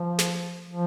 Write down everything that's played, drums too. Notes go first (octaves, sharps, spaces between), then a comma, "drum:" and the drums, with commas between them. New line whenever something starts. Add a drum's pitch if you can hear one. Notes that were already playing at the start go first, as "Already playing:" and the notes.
Already playing: F3
drum: snare
F3